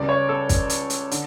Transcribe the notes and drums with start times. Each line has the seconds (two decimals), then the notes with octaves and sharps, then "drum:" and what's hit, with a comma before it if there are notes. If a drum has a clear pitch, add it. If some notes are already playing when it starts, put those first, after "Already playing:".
Already playing: C#2 C#3 G3 D5
0.09 C#5
0.29 A4
0.49 drum: kick, hi-hat
0.70 drum: hi-hat
0.90 drum: hi-hat
1.11 D3, drum: hi-hat